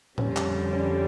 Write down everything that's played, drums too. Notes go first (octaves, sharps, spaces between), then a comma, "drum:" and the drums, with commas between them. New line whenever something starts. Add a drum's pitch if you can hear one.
F2 D3 G3 C4 C#4, drum: tom A2
drum: clap
C#4